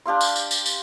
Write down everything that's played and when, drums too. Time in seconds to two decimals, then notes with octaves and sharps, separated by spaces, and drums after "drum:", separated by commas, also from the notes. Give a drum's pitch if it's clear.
0.06 D4 G4 F5 C6
0.21 drum: tambourine
0.36 drum: tambourine
0.51 drum: tambourine
0.66 drum: tambourine